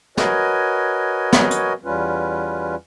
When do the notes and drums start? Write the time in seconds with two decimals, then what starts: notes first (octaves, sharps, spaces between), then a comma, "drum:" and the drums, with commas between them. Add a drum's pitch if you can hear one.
0.17 F#4 A#4 B4 C#5 D#5 G#5, drum: snare
1.33 drum: snare
1.51 drum: hi-hat
1.85 E2 G3 C#4 F4 B4